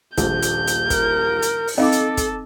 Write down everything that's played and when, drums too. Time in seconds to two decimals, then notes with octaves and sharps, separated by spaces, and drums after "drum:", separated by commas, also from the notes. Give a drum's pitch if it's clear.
0.18 D#1 A#1 G6, drum: kick, hi-hat
0.43 drum: hi-hat
0.67 drum: hi-hat
0.90 A#4, drum: kick, hi-hat
1.42 drum: hi-hat
1.67 drum: open hi-hat
1.78 C4 D#4 A4 D#5 F5 D6
1.92 drum: hi-hat
2.17 drum: kick, hi-hat